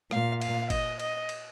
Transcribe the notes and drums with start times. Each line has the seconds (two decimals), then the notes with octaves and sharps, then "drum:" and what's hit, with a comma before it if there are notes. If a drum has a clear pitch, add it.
0.11 A#2 F5, drum: rim click
0.41 F5, drum: cymbal
0.70 D#5, drum: kick, cymbal
0.99 D#5, drum: cymbal
1.29 drum: cymbal